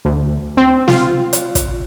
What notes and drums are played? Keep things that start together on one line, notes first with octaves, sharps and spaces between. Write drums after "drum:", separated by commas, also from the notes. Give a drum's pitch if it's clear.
D2
C4
F4, drum: snare
drum: hi-hat
drum: kick, hi-hat